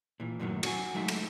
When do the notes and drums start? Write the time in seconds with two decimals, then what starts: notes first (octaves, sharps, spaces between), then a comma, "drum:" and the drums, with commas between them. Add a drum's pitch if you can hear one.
0.20 A#2 E3
0.40 F#2 A2 C3 D#3 E3 F#3
0.63 F#4 D5 G#5, drum: cymbal
0.94 F#3 G#3 A3 D#4 E5
1.08 drum: cymbal